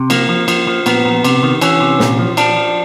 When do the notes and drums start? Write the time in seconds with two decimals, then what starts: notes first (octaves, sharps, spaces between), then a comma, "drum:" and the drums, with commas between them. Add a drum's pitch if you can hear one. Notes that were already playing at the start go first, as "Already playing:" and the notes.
Already playing: C3
0.10 F3 A#3, drum: cymbal
0.29 F3
0.48 F3, drum: cymbal
0.67 F3
0.86 A#2 B3, drum: cymbal
1.05 A#2
1.24 C3, drum: cymbal
1.43 D#3
1.61 E3 C#4, drum: cymbal
1.81 C3
2.00 A#2, drum: snare
2.19 F3
2.37 F3 D4, drum: cymbal
2.57 F3